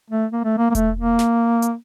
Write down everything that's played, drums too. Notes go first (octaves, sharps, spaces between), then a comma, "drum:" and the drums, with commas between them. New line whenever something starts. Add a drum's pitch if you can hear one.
A3
A#3
A3
A#3
A#3
A3, drum: kick E1, hi-hat
A#3
drum: snare
drum: hi-hat